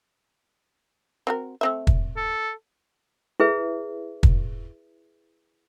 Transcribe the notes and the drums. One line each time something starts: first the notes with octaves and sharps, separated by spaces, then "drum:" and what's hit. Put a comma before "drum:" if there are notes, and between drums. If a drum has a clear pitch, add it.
C4 F#4 A#4
A3 C4 E5
drum: kick
A4
E4 G#4 B4 E5
drum: kick